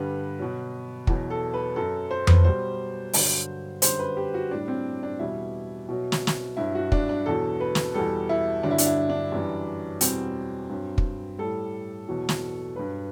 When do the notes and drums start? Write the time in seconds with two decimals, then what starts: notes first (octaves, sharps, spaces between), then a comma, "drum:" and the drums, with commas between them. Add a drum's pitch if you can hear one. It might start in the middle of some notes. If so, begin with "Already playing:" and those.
Already playing: G2 D3 G3 B4
0.39 B2 F#3
1.07 E2 B2 F#3, drum: kick
1.30 A4
1.54 B4
1.76 F#2 F#3 A4
2.11 C5
2.27 B4, drum: tom F2
2.44 B2 G3 C5
3.13 G2 D3 F#3, drum: open hi-hat
3.82 F#2 D3 G3 C5, drum: hi-hat
3.99 B4
4.17 G4
4.34 F#4
4.51 A2 G3 D4
4.68 C4
5.03 D4
5.19 E2 B2 G3 E4
5.89 B2 F#3
6.12 drum: snare
6.27 drum: snare
6.57 G2 F#3 E4
6.75 F#4
6.92 D4, drum: kick
7.09 D4
7.26 E2 B2 F#3 A4
7.60 B4
7.75 drum: snare
7.94 E2 B2 G3 A4
8.29 E4
8.63 G2 D3 F#3 D4
8.71 E4
8.78 D4, drum: hi-hat
8.86 E4
9.09 D4
9.32 F#2 E3 G3
10.01 E2 B2 G3 C4, drum: hi-hat
10.69 G2 F#3
10.98 drum: kick
11.38 A2 G3 A4
12.08 E2 B2 F#3
12.29 drum: snare
12.75 G2 F#3 B4